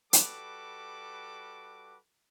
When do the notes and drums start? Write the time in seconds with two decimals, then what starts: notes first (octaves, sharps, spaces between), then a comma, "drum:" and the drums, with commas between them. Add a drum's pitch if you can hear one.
0.13 G3 F#4 A4 B4 D6, drum: hi-hat